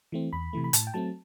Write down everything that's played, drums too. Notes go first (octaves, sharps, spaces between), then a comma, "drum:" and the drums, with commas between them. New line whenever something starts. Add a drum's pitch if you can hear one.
E3 A3 C4
E2 B5
C3 E3 A3
B5
A2 A5, drum: hi-hat
G5
F#3 A3 C4 A5